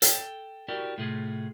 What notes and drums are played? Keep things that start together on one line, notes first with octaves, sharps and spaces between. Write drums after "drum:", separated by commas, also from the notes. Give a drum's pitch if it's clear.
A4 G5, drum: hi-hat
E4 F#4 G4 A#4 D5
A2 C3 A3 F4 G#4